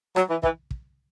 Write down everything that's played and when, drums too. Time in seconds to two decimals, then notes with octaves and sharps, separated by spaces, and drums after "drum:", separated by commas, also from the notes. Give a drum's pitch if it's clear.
0.16 F#3, drum: rim click
0.30 E3
0.43 E3, drum: kick
0.71 drum: kick